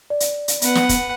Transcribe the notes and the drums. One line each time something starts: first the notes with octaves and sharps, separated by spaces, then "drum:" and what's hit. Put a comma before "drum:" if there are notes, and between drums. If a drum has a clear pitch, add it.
D5
drum: hi-hat
drum: hi-hat
B3 B4 F#5, drum: hi-hat
drum: snare
drum: kick, hi-hat